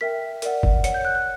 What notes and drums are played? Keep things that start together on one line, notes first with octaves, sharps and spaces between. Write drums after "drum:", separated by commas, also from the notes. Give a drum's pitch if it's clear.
A#4 E5 G5 B6
A#4 D5 F#5, drum: hi-hat
drum: kick
C#5 F#5 C#7, drum: hi-hat
G6
F#6
F#6